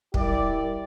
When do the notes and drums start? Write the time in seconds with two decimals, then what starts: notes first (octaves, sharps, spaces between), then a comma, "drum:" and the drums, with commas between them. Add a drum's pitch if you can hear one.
0.14 G3 E4 G4 A#4 D5, drum: kick